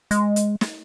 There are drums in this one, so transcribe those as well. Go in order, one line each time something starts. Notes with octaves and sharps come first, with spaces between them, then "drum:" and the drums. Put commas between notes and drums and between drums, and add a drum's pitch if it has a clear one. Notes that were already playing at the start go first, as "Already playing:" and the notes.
G#3, drum: hi-hat
drum: hi-hat
drum: snare